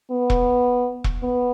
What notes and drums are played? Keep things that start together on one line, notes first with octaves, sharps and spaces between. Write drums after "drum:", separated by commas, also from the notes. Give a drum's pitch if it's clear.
B3
drum: kick E1
drum: kick E1
B3